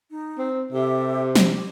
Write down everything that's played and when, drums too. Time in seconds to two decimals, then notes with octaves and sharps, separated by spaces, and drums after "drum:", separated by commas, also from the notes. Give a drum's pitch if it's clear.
0.11 D#4
0.38 C4
0.72 C3 G4 A4 E5
1.35 drum: snare
1.50 G4